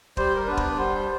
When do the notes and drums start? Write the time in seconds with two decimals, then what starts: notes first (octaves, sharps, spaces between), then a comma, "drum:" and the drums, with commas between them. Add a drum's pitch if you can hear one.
0.17 G3 C5, drum: kick
0.35 A#4
0.47 B3 D4 B4
0.57 drum: kick
0.77 G3 C5